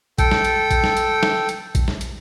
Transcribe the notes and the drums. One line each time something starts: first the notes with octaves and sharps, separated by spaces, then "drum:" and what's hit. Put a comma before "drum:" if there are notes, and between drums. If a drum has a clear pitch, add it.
A4 G5, drum: kick, hi-hat
drum: snare
drum: hi-hat
drum: kick, hi-hat
drum: snare
drum: hi-hat
drum: snare
drum: hi-hat
drum: kick, hi-hat
drum: snare
drum: hi-hat